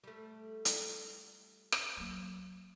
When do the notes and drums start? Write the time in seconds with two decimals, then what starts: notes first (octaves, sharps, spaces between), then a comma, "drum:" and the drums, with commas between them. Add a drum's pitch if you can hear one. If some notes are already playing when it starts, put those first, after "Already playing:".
0.04 G3 A3
0.65 drum: hi-hat
1.72 drum: rim click
1.97 F#3 A#3